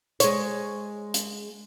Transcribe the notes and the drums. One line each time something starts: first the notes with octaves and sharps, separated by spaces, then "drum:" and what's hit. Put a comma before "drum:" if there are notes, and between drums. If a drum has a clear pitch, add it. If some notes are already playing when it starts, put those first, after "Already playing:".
G#3 C#5, drum: hi-hat
drum: hi-hat